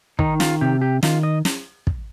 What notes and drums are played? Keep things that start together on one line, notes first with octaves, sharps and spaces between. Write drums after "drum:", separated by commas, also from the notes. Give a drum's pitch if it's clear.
D#3 D#4, drum: kick
F4, drum: snare
C3 G4
G4
D#3 F4, drum: snare
D#5
drum: snare
drum: kick